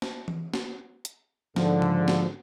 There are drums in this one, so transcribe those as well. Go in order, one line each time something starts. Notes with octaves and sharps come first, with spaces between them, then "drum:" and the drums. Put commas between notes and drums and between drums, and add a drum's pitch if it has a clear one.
drum: snare
drum: tom E3
drum: snare
drum: hi-hat
G#2 D3 F3, drum: snare
drum: tom C#3
drum: snare